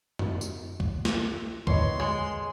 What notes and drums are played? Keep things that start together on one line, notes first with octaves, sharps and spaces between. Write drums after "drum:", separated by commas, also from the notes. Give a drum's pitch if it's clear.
drum: tom F2
drum: tambourine
drum: kick
drum: snare
E2 A2 D3 B4 C#5 D#5 C6, drum: kick
G#3 G#4 F#5